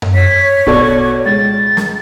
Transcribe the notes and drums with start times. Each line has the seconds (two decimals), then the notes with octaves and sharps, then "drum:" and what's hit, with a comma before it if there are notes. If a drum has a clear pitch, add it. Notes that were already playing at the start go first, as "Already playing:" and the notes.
0.02 drum: tom F#2
0.14 C#5 B6
0.67 B2 A4 D5 C#6, drum: kick A#1
1.26 C#2 A6
1.77 drum: snare